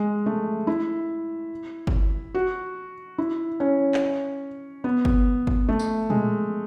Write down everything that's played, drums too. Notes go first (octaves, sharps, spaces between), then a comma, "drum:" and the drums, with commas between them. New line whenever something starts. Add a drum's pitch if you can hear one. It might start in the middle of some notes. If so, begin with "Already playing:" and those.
Already playing: G#3
A3
E4
drum: kick G1
F#4
E4
C#4
drum: clap
B3
drum: kick G1
drum: kick G1
A3
drum: tambourine
G#3, drum: tom A#2